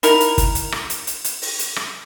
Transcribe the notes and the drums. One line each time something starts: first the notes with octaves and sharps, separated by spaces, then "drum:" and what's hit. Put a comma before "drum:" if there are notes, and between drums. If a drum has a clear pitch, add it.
D#4 E4 A#4, drum: hi-hat
drum: hi-hat
drum: kick, hi-hat
drum: hi-hat
drum: rim click
drum: hi-hat
drum: hi-hat
drum: hi-hat
drum: open hi-hat
drum: hi-hat
drum: rim click